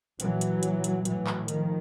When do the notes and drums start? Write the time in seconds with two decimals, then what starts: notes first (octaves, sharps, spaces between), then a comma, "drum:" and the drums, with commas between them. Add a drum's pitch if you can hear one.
0.20 A#2 E3 F#3, drum: hi-hat
0.41 drum: hi-hat
0.63 drum: hi-hat
0.84 drum: hi-hat
1.05 A2 E3 F#3, drum: hi-hat
1.27 drum: clap
1.48 D#3 F3, drum: hi-hat